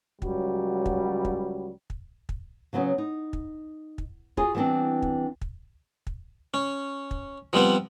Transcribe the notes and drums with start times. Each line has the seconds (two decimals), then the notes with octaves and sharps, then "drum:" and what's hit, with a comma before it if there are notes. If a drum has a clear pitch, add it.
0.22 C#2 F#3 G3 F#4, drum: kick
0.86 drum: kick
1.25 drum: kick
1.90 drum: kick
2.29 drum: kick
2.73 C#3 F#3 B3 C#4 F#4
2.98 D#4
3.33 drum: kick
3.98 drum: kick
4.37 F4 F#4 G#4 G#5, drum: kick
4.55 E3 G3 B3 C4 D4
5.02 drum: kick
5.41 drum: kick
6.07 drum: kick
6.54 C#4
7.11 drum: kick
7.53 F3 G3 B3 C4